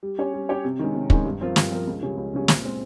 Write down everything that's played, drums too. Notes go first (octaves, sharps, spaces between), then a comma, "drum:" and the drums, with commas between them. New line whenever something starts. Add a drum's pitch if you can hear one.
G3
C#4 G4 C#5
G3
C#4 G4 C#5
C3
D#3 G#3 C#4
C3
D#3 G#3 C#4, drum: kick
G2
F3 C4 F4 A#4
G2, drum: snare
F3 C4 F4 A#4
C#2
C#3 G3 C#4
C#2
C#3 G3 C#4
A#2, drum: snare
G#3 C4